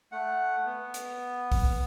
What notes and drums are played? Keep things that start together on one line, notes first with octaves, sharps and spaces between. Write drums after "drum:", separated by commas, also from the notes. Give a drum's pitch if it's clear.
A3 F#5
B3
drum: hi-hat
drum: kick, open hi-hat